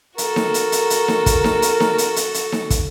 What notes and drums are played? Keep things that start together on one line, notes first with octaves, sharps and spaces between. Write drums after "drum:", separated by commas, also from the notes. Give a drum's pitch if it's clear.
F#4 A4 A#4, drum: hi-hat
drum: snare D#4
drum: hi-hat
drum: hi-hat
drum: hi-hat
drum: snare D#4
drum: kick, hi-hat
drum: snare D#4
drum: hi-hat
drum: snare D#4
drum: hi-hat
drum: hi-hat
drum: hi-hat
drum: snare D#4
drum: kick, hi-hat